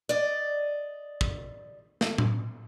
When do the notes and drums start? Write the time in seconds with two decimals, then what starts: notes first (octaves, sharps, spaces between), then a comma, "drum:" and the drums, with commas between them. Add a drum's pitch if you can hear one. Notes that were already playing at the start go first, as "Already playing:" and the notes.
0.09 D5 D#5
1.21 drum: kick
2.01 drum: snare
2.18 drum: tom A2